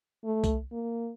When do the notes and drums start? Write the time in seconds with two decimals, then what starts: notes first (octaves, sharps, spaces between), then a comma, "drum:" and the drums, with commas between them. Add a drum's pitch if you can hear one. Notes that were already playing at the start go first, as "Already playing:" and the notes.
0.25 A3
0.44 drum: kick C2, tambourine
0.72 A#3